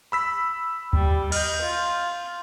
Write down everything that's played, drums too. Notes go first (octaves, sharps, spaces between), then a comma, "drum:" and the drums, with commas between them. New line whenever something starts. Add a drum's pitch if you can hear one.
B5 E6 B6
G3, drum: kick D2
D#5 F6 G6, drum: cymbal
F4